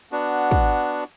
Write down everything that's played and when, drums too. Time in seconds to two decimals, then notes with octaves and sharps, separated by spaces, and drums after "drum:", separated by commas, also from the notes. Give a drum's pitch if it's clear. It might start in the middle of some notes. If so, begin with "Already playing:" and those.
0.12 B3 D4 F#4
0.51 drum: kick